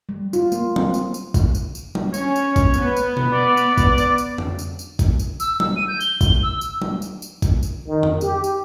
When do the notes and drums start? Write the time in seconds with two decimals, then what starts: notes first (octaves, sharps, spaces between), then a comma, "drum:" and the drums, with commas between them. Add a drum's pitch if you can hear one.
0.09 G3
0.33 F4, drum: tambourine
0.52 A#3, drum: tambourine
0.76 C4, drum: tom F#3
0.94 drum: tambourine
1.14 drum: tambourine
1.34 drum: kick, tambourine
1.55 drum: tambourine
1.75 drum: tambourine
1.95 drum: tom F#3
2.14 C#4 C#5, drum: tambourine
2.36 drum: tambourine
2.56 drum: kick, tambourine
2.74 B3, drum: tambourine
2.97 drum: tambourine
3.17 drum: tom B2
3.33 D5
3.57 drum: tambourine
3.78 drum: kick, tambourine
3.98 drum: tambourine
4.18 drum: tambourine
4.38 drum: tom F2
4.59 drum: tambourine
4.79 drum: tambourine
4.99 drum: kick, tambourine
5.19 drum: tambourine
5.40 E6, drum: tambourine
5.60 E6, drum: tom F#3
5.76 D#7
5.87 G6
6.00 G7, drum: tambourine
6.21 drum: kick, tambourine
6.42 E6
6.61 drum: tambourine
6.82 drum: tom F#3
7.02 drum: tambourine
7.22 drum: tambourine
7.42 drum: kick, tambourine
7.63 drum: tambourine
7.87 D#3
8.03 drum: tom F2
8.21 G4, drum: tambourine
8.44 drum: tambourine